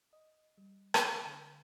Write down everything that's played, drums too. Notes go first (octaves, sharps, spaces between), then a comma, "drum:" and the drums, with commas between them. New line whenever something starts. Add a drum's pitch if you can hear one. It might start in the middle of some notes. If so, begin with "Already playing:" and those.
D#5
G3
drum: rim click
D3